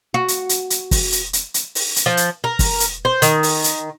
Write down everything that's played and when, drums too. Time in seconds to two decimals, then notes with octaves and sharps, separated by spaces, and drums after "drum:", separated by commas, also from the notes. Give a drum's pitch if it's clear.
0.14 F#4
0.28 drum: hi-hat
0.49 drum: hi-hat
0.70 drum: hi-hat
0.91 drum: kick, open hi-hat
1.12 drum: hi-hat
1.33 drum: hi-hat
1.54 drum: hi-hat
1.75 drum: open hi-hat
1.96 drum: hi-hat
2.06 F3
2.17 drum: hi-hat
2.44 A#4
2.59 drum: kick, open hi-hat
2.80 drum: hi-hat
3.05 C5
3.22 D#3, drum: hi-hat
3.43 drum: open hi-hat
3.64 drum: hi-hat